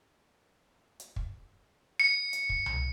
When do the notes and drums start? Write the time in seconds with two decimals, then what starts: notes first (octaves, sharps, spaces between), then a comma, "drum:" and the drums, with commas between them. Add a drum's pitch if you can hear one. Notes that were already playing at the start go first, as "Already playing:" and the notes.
1.00 drum: hi-hat
1.16 drum: kick
2.00 C#7
2.33 drum: hi-hat
2.49 drum: kick
2.66 drum: tom C2